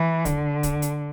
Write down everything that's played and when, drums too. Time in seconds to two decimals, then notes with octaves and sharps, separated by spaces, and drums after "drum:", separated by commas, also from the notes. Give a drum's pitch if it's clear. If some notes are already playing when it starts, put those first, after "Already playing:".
Already playing: E3
0.25 D3, drum: kick, hi-hat
0.63 drum: kick, hi-hat
0.82 drum: hi-hat